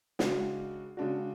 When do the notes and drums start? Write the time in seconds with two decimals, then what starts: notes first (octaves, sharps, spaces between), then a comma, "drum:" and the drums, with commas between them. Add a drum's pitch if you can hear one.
0.19 C#3 G#3 D4 F#4, drum: snare
0.97 C#3 G#3 D4 F#4